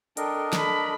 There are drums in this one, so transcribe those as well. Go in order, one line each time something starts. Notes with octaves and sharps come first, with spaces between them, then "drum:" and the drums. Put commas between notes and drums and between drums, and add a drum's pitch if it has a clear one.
D4 A4 A#4 D#5 G5, drum: hi-hat
A4 B5, drum: snare